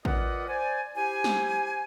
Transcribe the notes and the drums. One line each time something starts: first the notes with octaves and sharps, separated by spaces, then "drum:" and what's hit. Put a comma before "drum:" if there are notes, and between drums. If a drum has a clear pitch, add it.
F4 A#4 B4 D5 D#5 F#5, drum: kick
C5 D5 G#5
E4 G4 C5 G#5
drum: snare